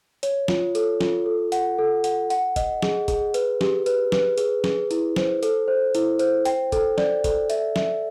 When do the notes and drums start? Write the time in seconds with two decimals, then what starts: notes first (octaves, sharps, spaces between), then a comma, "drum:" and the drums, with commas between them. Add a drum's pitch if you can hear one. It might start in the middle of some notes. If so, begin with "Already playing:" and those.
0.23 C#5, drum: hi-hat
0.48 F4, drum: snare
0.75 A4, drum: hi-hat
1.01 F4, drum: snare
1.26 A4
1.52 F#5, drum: hi-hat
1.79 A4
2.04 F#5, drum: hi-hat
2.30 F#5, drum: hi-hat
2.56 D#5, drum: kick, hi-hat
2.82 G#4, drum: snare
3.08 G#4, drum: kick, hi-hat
3.34 B4, drum: hi-hat
3.61 G4, drum: snare
3.86 B4, drum: hi-hat
4.12 B4, drum: snare
4.38 G#4, drum: hi-hat
4.64 G#4, drum: snare
4.91 E4, drum: hi-hat
5.16 C5, drum: snare
5.43 A4, drum: hi-hat
5.68 C5
5.95 E4, drum: hi-hat
6.19 C5, drum: hi-hat
6.45 G5, drum: hi-hat
6.72 A4, drum: kick, hi-hat
6.98 D5, drum: snare
7.24 A4, drum: kick, hi-hat
7.50 E5, drum: hi-hat
7.76 E5, drum: snare